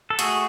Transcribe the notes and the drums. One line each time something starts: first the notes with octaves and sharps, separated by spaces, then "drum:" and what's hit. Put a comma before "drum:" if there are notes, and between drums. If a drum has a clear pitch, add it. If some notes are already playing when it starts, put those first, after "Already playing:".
A4
A3 F#4 G#4, drum: hi-hat